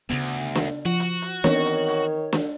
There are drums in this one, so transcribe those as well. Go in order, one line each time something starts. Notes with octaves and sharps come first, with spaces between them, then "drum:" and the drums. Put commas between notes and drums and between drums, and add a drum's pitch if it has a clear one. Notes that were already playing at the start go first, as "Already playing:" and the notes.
D2 C#3 B3
drum: snare
F3 F#4
drum: hi-hat
drum: hi-hat
D#3 E3 B3 C4 C#5, drum: snare
drum: hi-hat
drum: hi-hat
drum: snare